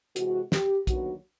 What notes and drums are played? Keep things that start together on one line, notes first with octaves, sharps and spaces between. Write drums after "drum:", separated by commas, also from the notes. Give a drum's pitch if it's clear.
C3 E3 G#3 F#4, drum: hi-hat
G4, drum: snare
D#2 D3 F#3 B3 F#4, drum: kick, hi-hat